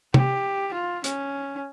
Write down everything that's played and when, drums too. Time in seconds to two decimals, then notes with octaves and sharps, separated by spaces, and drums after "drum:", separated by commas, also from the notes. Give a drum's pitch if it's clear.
0.14 G4, drum: tom
0.74 F4
1.04 C#4, drum: hi-hat